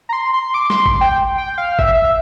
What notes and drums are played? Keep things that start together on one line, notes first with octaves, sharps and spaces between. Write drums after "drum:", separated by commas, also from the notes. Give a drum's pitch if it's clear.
A#5
C6
C6
D6
C6, drum: snare
drum: kick G#1
G5
G5
F5
E5, drum: kick G#1
E5